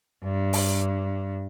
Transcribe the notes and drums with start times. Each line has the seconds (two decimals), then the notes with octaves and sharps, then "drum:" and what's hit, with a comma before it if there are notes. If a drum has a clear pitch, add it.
0.24 G2
0.53 drum: open hi-hat